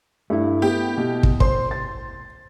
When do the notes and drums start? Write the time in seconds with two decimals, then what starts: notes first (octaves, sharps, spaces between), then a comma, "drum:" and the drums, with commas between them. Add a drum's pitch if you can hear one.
0.30 G2 A3 E4
0.62 B3 G4
0.98 B2
1.23 drum: kick
1.40 C5 C6, drum: kick
1.71 A6